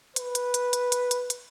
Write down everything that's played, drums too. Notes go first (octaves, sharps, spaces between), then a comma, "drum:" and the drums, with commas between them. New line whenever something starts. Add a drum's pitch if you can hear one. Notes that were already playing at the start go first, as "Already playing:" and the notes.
B4, drum: hi-hat
drum: hi-hat
drum: hi-hat
drum: hi-hat
drum: hi-hat
drum: hi-hat
drum: hi-hat